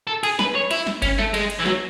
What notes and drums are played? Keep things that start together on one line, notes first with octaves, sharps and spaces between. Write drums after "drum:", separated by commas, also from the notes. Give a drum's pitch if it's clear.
A4
G#4, drum: cymbal
B4, drum: snare
C#5
E4, drum: cymbal
drum: snare
C#4, drum: kick G1, cymbal
A3, drum: snare
G#3, drum: cymbal
drum: cymbal
E3
F#3, drum: snare